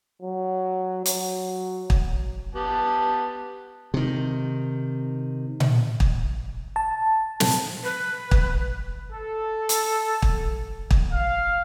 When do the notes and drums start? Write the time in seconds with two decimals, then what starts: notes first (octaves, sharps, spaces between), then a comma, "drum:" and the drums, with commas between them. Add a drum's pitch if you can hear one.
0.23 F#3
1.06 F#3, drum: hi-hat
1.90 drum: kick
2.55 B3 G4 A5
3.94 C3 D#3
5.60 drum: tom A#2
6.00 drum: kick
6.76 A5
7.40 drum: snare
7.83 B4
8.31 drum: kick
9.12 A4
9.69 drum: hi-hat
10.22 drum: kick
10.91 drum: kick
11.11 F5